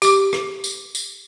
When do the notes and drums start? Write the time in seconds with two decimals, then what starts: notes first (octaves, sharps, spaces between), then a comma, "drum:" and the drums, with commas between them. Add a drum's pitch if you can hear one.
0.02 G4 D6, drum: tambourine
0.33 drum: rim click
0.64 drum: tambourine
0.95 drum: tambourine